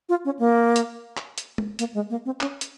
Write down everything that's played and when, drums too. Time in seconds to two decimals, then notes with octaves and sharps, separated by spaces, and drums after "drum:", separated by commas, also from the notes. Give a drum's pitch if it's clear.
0.09 F4
0.25 C#4
0.39 A#3
0.76 drum: hi-hat
1.17 drum: clap
1.38 drum: hi-hat
1.58 drum: tom
1.79 A#3, drum: hi-hat
1.94 G#3
2.10 A#3
2.25 C4
2.41 C#4, drum: clap
2.61 drum: hi-hat